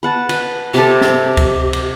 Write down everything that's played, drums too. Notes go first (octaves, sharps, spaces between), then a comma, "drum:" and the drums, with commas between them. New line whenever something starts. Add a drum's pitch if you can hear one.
B4 F#5 A5
B4, drum: cymbal
C3 G4 A4
drum: snare
drum: kick C#2, cymbal
drum: cymbal